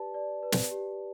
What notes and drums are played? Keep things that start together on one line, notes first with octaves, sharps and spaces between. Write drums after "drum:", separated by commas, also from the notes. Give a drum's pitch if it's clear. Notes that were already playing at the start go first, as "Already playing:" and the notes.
Already playing: G4 B4 D5 A5
D5
B4
drum: snare
G4